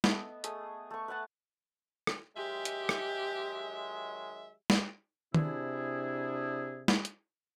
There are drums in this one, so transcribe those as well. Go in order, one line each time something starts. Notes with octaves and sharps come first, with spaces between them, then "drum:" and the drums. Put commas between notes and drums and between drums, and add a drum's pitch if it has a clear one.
A3 B3 D#5 E5, drum: snare
A3 G#4 D#6, drum: hi-hat
A3 C#6
B4 E5 F#5 A5
drum: rim click
D#3 F#3 G#3 G4 E5
drum: hi-hat
drum: rim click
drum: snare
C3 D4 E4 G#4, drum: tom D#3
drum: snare
drum: hi-hat